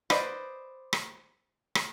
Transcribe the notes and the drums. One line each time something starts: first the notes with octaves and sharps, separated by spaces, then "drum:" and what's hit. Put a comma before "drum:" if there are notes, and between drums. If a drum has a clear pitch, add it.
B4 C5 D5 D#5, drum: rim click
drum: rim click
drum: rim click